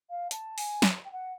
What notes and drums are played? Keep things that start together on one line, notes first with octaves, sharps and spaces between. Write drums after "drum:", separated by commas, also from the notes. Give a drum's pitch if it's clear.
F5
A5, drum: hi-hat
G#5, drum: open hi-hat
drum: snare
G5
F#5